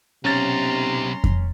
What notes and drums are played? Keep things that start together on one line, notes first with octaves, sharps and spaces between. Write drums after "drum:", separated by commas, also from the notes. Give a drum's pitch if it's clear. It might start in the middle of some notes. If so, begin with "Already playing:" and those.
B1 C3 C#4 A#5 C6 A6
drum: kick F2